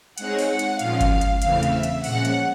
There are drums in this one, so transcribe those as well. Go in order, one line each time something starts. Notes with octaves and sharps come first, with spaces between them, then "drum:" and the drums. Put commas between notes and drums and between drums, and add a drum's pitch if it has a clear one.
G#3 C4 D#4 G#4 C#5 F#5, drum: hi-hat
drum: open hi-hat
F#5
drum: hi-hat
A#2 F3 G#3 C#4 F4 F5, drum: hi-hat
drum: kick G1, hi-hat
drum: hi-hat
E2 C#3 E3 A3 C4 F5, drum: hi-hat
drum: hi-hat
E5
drum: hi-hat
A#2 F3 G#3 C#4 F#5, drum: open hi-hat
drum: hi-hat